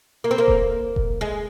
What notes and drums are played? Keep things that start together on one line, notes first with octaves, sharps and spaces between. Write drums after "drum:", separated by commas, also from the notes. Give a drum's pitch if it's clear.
A#3
C4
A#3
drum: kick E1
drum: kick E1
G#3